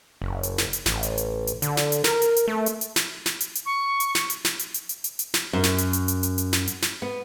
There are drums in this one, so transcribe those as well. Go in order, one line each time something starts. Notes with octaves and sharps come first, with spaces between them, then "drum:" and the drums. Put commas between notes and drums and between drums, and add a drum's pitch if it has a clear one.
F#1
drum: hi-hat
drum: snare
drum: hi-hat
A1, drum: snare
drum: hi-hat
drum: hi-hat
drum: hi-hat
D3, drum: hi-hat
drum: snare
drum: hi-hat
A#4, drum: snare
drum: hi-hat
drum: hi-hat
A3
drum: hi-hat
drum: hi-hat
drum: snare
drum: snare
drum: hi-hat
drum: hi-hat
C#6
drum: hi-hat
drum: snare
drum: hi-hat
drum: snare
drum: hi-hat
drum: hi-hat
drum: hi-hat
drum: hi-hat
drum: hi-hat
drum: snare
F#2
drum: snare
drum: hi-hat
drum: hi-hat
drum: hi-hat
drum: hi-hat
drum: hi-hat
drum: snare
drum: hi-hat
drum: snare
B3